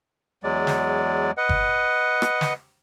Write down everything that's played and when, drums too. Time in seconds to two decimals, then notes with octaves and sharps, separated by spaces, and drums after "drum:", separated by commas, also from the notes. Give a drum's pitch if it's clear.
0.44 E2 F#3 G#3 D5
0.67 drum: snare
1.37 B4 D#5 F#5
1.49 drum: kick G1
2.22 drum: rim click
2.41 drum: snare